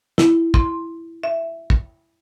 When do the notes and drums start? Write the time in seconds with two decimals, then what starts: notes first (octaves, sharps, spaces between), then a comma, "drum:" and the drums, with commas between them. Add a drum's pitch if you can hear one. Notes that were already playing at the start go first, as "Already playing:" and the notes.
0.18 E4, drum: snare
0.54 C6, drum: kick
1.23 E5
1.70 drum: kick